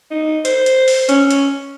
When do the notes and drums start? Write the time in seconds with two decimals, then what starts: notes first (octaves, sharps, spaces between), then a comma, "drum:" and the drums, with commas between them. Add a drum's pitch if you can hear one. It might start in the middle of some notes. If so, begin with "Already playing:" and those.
0.11 D#4
0.45 C5, drum: hi-hat
0.66 drum: hi-hat
0.88 drum: open hi-hat
1.09 C#4, drum: hi-hat
1.31 drum: hi-hat